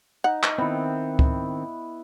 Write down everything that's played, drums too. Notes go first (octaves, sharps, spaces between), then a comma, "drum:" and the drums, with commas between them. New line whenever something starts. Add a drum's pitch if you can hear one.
D#4 F#5
drum: clap
D#3 B3 C4 E4
drum: kick C#2